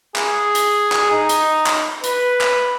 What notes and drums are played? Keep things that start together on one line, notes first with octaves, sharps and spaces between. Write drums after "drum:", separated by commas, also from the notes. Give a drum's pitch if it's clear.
G#4, drum: clap
drum: hi-hat
drum: clap
D#4
drum: hi-hat
drum: clap
B4, drum: hi-hat
drum: clap